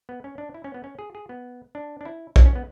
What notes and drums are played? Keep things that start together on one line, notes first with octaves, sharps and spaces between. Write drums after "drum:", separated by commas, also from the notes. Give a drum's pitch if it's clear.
B3
C#4
D4
E4
C#4
B3
C#4
G#4
G#4
B3
D4
D4
E4
D4, drum: kick
C#4
B3